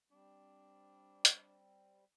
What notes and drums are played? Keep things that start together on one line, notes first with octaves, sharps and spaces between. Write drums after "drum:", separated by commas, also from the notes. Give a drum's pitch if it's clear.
G3 C4 D4
drum: hi-hat